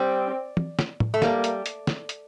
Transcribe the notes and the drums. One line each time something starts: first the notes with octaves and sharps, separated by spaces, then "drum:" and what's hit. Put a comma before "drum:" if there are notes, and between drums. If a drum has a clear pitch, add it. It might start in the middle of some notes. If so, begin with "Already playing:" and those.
Already playing: G3 C4
drum: tom
drum: snare
drum: tom A2
A3
G3 A#3, drum: snare
drum: hi-hat
drum: hi-hat
drum: snare
drum: hi-hat